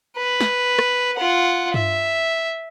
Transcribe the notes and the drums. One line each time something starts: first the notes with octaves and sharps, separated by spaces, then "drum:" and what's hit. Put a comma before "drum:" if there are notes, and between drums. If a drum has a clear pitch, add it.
B4
drum: snare
drum: rim click
F4 F#5
E5, drum: tom G2